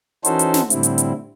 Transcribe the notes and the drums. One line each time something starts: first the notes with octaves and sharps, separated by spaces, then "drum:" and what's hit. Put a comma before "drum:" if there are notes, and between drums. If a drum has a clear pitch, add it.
E3 C#4 D#4 F#4 A4 C5, drum: hi-hat
drum: hi-hat
drum: snare
A2 D3 G3 C4 E4, drum: hi-hat
drum: hi-hat
drum: hi-hat